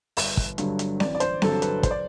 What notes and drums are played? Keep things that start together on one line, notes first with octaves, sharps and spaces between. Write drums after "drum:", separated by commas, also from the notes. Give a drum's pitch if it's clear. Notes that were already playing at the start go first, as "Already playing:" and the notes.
G1, drum: open hi-hat
drum: kick
G2 D3 F#3, drum: hi-hat
drum: hi-hat
A1 D5, drum: snare C4
D5
C5, drum: hi-hat
G2 D3 F#3 A4, drum: snare C4
B4, drum: hi-hat
C5, drum: kick, hi-hat
D5